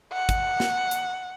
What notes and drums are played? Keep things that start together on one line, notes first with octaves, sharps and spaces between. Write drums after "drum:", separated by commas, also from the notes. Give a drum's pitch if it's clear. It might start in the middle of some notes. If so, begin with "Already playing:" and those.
F#5
drum: kick, hi-hat
drum: snare
drum: hi-hat